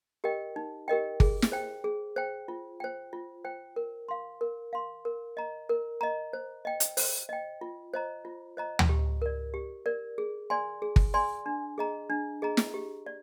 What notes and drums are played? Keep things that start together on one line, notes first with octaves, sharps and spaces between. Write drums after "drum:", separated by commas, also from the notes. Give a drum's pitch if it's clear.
G4 A#4 D#5 G5
D#4
G4 A#4 D#5 G5
G#4, drum: kick G1
drum: snare
C5 G5
G#4
C5 G5
F4
C5 G5
F4
C5 G5
A#4
F5 C6
A#4
F5 C6
A#4
D#5 A#5
A#4
D#5 A#5
C5
D#5 G5
drum: hi-hat
C5, drum: open hi-hat
D#5 G5
F4
C5 D#5 A#5
F4
C5 D#5 A#5
drum: tom D2
G4
A#4 D5
G4
A#4 D5
G#4
D5 G#5 C6
G#4
drum: kick G1
D5 G#5 C6
D4
G#4 D#5 A#5
D4
G#4 D#5 A#5
drum: snare
G4
D5